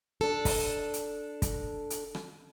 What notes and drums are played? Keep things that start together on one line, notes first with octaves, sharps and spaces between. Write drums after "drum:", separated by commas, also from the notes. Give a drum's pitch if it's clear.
D4 A4
drum: kick, open hi-hat
drum: hi-hat
drum: kick, hi-hat
drum: hi-hat
drum: rim click